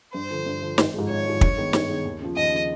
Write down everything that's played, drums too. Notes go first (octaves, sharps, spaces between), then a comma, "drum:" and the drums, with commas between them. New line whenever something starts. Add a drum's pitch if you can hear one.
G2 C5
D3 F3
G2
D3 F3
G#1, drum: snare
G#2 F3 G#3
G#1 C#5
G#2 F3 G#3
G2, drum: kick
D#3 G#3 B3 D#4
G2, drum: snare
D#3 G#3 B3 D#4
D#2
C#3 F3
D#2 D#5
C#3 F3